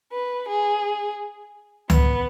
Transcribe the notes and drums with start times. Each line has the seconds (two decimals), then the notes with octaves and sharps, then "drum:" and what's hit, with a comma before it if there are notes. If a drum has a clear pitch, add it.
0.12 B4
0.48 G#4
1.90 B3, drum: tom C#2